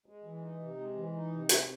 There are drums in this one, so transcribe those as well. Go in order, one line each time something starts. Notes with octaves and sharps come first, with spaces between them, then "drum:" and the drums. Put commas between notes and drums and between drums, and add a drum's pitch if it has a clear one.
G#3
E3
D#4
C3
G#3
E3
D#4
C3
C4, drum: hi-hat